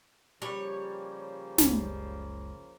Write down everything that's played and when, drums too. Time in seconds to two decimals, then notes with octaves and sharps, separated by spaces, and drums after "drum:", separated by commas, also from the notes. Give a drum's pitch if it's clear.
0.42 C#3 F3 G3 A#3 C#5
1.58 F#1 C#2, drum: snare